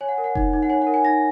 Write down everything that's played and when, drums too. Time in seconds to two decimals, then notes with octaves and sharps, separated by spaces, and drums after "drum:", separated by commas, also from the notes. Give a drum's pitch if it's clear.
0.01 C#5 G#5
0.08 F#5
0.18 A#4
0.24 F#5
0.35 D#4, drum: kick F1
0.53 D#4
0.63 F#5
0.69 C#5 G#5
0.82 F#5
0.87 A#4
0.94 G#5
1.05 D#4 A#6